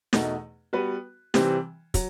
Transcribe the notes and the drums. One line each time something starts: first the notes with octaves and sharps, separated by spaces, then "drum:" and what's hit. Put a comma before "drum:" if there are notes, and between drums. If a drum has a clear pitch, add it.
E2 B2 A3 D#4, drum: snare
G3 B3 F#4 B4
C3 E3 G3 C4, drum: snare
F#3, drum: kick, hi-hat